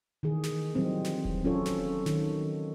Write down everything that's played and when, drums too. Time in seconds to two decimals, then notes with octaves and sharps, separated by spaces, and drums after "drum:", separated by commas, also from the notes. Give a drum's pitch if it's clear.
0.23 D#3 E3 G#4
0.43 drum: snare
0.74 E3 F#3 G3 C4 D#4
1.04 drum: snare
1.25 drum: kick D#1
1.43 F#3 C#4 F4 A4 C#5
1.66 drum: snare
2.06 D#3, drum: snare